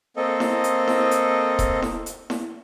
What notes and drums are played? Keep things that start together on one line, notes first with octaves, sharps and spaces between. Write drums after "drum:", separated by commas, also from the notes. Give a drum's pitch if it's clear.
A#3 C4 A4 D#5
drum: snare E4
drum: hi-hat
drum: snare E4
drum: hi-hat
drum: kick D#1, hi-hat
drum: snare E4
drum: hi-hat
drum: snare E4